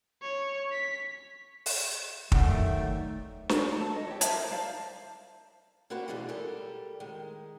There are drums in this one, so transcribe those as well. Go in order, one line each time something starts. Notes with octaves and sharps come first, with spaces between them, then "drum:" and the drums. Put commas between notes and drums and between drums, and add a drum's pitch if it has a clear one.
C#5
B6
drum: open hi-hat
D#3 F#3 A3 D5 E5 F#5 G5, drum: kick
drum: snare
A4 A5
D#5
G4 C#5
A#4 C5 E5 A5, drum: hi-hat
A#4
C5 D5 F5 A5
A#3 D4 F#4 G4 B4 C5
B2 E3 G#3 D4 G#4
G3 G4 A4 A#4
D#3 G#3